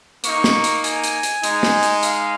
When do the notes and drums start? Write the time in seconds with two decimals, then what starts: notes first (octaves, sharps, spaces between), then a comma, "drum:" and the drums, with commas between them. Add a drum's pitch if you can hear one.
0.24 A#3 D#4 C#6, drum: hi-hat
0.44 drum: snare
0.64 drum: hi-hat
0.84 G#5, drum: hi-hat
1.04 drum: hi-hat
1.23 drum: hi-hat
1.43 G#3 D#4, drum: hi-hat
1.63 drum: snare
1.83 drum: hi-hat
2.03 F5, drum: hi-hat